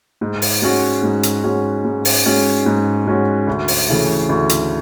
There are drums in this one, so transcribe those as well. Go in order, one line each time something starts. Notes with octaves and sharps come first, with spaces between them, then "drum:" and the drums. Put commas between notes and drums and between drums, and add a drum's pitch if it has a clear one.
G#2
drum: open hi-hat
G#3 C#4 F#4
G#2
drum: hi-hat
G#3 C#4 F#4
G#2
drum: open hi-hat
G#3 C#4 F#4
G#2
G#3 C#4 F#4
D2
drum: open hi-hat
C#3 E3 A3
D2
drum: hi-hat